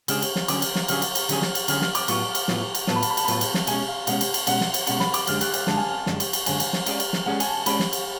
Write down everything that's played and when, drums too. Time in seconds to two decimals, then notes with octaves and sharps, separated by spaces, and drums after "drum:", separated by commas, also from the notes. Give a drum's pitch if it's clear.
0.08 C#3 G#3 D4 G#4 F6, drum: cymbal
0.22 drum: cymbal
0.36 drum: snare
0.48 D3 F#3 C#4 G#4 D6, drum: cymbal
0.62 drum: cymbal
0.75 drum: snare
0.88 D3 F#3 C#4 G#4 F6, drum: cymbal
1.02 drum: cymbal
1.15 drum: cymbal
1.29 D3 F#3 C#4 G#4, drum: cymbal
1.42 drum: snare
1.55 drum: cymbal
1.68 D3 F#3 C#4 G#4 F6, drum: cymbal
1.81 F6, drum: snare
1.95 D6, drum: cymbal
2.08 A2 F#3 B3 F4 C#6, drum: cymbal
2.35 drum: cymbal
2.48 A2 F#3 B3 F4, drum: snare
2.75 drum: cymbal
2.87 A2 F#3 B3 F4 A5, drum: snare
2.96 B5
3.03 A5, drum: cymbal
3.10 B5
3.17 A5, drum: cymbal
3.25 B5
3.28 A2 F#3 B3 F4 A5, drum: cymbal
3.41 drum: cymbal
3.54 drum: snare
3.67 B2 G#3 C#4 G#5, drum: cymbal
3.88 F5
4.07 B2 G#3 C#4 F#5, drum: cymbal
4.21 drum: cymbal
4.34 drum: cymbal
4.47 B2 G#3 C#4 F#5, drum: cymbal
4.61 drum: snare
4.74 drum: cymbal
4.87 B2 G#3 C#4 F#5, drum: cymbal
5.00 B5, drum: snare
5.14 D6, drum: cymbal
5.27 F#2 D3 G#3 D4 F6, drum: cymbal
5.41 F#6, drum: cymbal
5.54 F#6, drum: cymbal
5.67 F#2 D3 G#3 D4 A5, drum: snare
5.77 G#5
5.87 A5
6.06 F#2 D3 G#3 D4, drum: snare
6.20 drum: cymbal
6.33 drum: cymbal
6.46 F#2 D3 G#3 D4 G#5, drum: cymbal
6.60 drum: cymbal
6.73 drum: snare
6.86 G#3 C#4 G#4 D5, drum: cymbal
7.00 drum: cymbal
7.13 drum: snare
7.26 G#3 C#4 G#4 D5 F#5
7.40 G#5, drum: cymbal
7.47 A5
7.62 A5
7.66 G#3 C#4 G#4 D5 B5, drum: cymbal
7.79 drum: snare
7.93 drum: cymbal